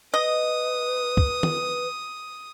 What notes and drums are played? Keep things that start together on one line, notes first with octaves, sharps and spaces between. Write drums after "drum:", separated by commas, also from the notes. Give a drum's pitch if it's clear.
B4 D#5 D#6
drum: kick
drum: tom